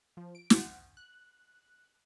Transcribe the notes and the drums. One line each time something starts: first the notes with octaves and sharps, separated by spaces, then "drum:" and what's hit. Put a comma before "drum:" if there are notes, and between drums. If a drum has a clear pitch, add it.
F3
D7
F#5, drum: snare
F#6